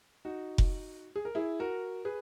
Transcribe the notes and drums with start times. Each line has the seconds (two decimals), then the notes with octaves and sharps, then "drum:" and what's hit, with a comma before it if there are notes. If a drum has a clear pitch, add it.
0.25 D#4 F#4
0.58 drum: kick F1
1.16 G#4
1.25 A#4
1.35 E4 G#4
1.60 F#4 A#4
2.05 G#4 B4